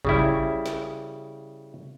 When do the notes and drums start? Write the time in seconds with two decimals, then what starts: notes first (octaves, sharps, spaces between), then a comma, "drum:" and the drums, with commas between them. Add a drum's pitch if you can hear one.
0.05 C#3 G3 E4, drum: kick
0.66 drum: snare